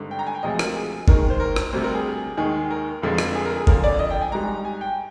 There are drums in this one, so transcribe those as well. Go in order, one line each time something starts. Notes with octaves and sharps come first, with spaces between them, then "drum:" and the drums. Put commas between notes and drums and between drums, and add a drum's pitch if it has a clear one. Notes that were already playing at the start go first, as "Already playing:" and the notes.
Already playing: G#1 G2 D3
G5
A#5
G#5
G5
D2 C3 F3 G#3 D#5
A#4, drum: rim click
G#4
D#2 D#3 G#3 A#4, drum: kick G1
C5
A#4
drum: rim click
D2 C3 G3 C5
A#4
G#4
D#2 D#3 G#3 G#4
A#4
F1 F2 D3 F3 G#3
drum: rim click
G#4
A#4
G#4
F2 D3 F3 A#4, drum: kick G1
D5
D#5
G5
G#5
G#1 G#2 G3 A#5
G#5
G5